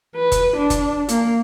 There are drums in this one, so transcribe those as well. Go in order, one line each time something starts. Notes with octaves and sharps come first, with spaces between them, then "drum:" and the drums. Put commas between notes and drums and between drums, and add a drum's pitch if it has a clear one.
B4
drum: kick F#1, hi-hat
D4
drum: kick F#1, hi-hat
A#3, drum: hi-hat